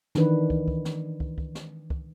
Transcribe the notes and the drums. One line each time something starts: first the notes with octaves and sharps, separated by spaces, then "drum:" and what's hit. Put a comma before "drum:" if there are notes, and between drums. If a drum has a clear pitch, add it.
D#3 E3 D4 B4, drum: snare
drum: kick
drum: kick
drum: snare
drum: kick
drum: kick
drum: snare
drum: kick